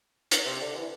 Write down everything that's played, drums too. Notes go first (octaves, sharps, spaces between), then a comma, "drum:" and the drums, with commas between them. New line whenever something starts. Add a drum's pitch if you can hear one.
drum: hi-hat
C3
D3
E3